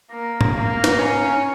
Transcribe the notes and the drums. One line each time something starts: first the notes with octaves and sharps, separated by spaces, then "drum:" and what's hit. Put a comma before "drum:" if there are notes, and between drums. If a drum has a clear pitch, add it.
A#3
drum: tom G#2
A#3
drum: snare
C#4